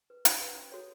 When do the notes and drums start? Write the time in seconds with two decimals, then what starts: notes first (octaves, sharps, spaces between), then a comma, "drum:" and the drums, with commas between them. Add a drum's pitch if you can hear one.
0.10 B4
0.25 F#4, drum: hi-hat
0.41 B4
0.56 C#4
0.72 F#4 A4 C#5